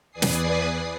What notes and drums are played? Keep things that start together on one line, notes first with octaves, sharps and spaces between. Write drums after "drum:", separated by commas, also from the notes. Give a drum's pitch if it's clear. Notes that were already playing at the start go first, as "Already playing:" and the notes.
E2 B4 D5 G#5 D#6 C7
drum: snare